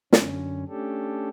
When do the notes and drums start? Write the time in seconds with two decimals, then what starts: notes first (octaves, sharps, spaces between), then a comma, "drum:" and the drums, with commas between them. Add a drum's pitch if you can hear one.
0.13 F#2 D3 C#4, drum: snare
0.68 A3 C#4 D4 G4 A4